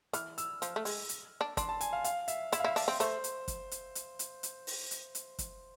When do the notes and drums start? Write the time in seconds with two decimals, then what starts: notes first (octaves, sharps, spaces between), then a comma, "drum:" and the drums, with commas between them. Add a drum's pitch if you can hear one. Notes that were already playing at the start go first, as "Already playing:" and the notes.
0.13 E3 F6, drum: hi-hat
0.38 E6, drum: hi-hat
0.62 F3, drum: hi-hat
0.76 A3
0.85 G#3, drum: open hi-hat
1.09 drum: hi-hat
1.41 D4
1.57 D4 C6, drum: kick, hi-hat
1.69 A5
1.81 G#5, drum: hi-hat
1.93 F5
2.04 F5, drum: hi-hat
2.28 E5, drum: hi-hat
2.52 E4 E5, drum: hi-hat
2.60 F5
2.64 E4 E5
2.76 D4, drum: open hi-hat
2.88 C4
3.00 A3 C5, drum: hi-hat
3.24 drum: hi-hat
3.48 drum: kick, hi-hat
3.71 drum: hi-hat
3.95 drum: hi-hat
4.19 drum: hi-hat
4.43 drum: hi-hat
4.67 drum: open hi-hat
4.91 drum: hi-hat
5.15 drum: hi-hat
5.39 drum: kick, hi-hat